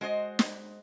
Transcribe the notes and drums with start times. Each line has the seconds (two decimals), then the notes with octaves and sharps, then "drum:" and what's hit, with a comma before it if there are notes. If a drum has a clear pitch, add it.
0.01 G#3 F#4 C5 D#5
0.39 drum: snare